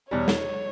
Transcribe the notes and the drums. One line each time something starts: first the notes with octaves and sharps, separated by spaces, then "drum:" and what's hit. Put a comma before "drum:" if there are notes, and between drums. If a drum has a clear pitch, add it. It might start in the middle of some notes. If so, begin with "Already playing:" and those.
E2 B2 G3 C#5
drum: snare